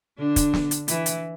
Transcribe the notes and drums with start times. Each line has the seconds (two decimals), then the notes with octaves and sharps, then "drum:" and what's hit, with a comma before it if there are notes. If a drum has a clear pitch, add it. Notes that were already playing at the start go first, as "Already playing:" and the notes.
0.19 D3 D4
0.36 drum: kick, hi-hat
0.54 drum: snare
0.71 drum: hi-hat
0.88 E3 E4, drum: hi-hat
1.06 drum: hi-hat